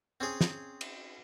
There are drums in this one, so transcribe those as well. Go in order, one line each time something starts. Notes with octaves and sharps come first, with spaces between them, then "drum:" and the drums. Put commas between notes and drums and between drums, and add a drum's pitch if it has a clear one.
C4 C#4 G#4
drum: snare
drum: cymbal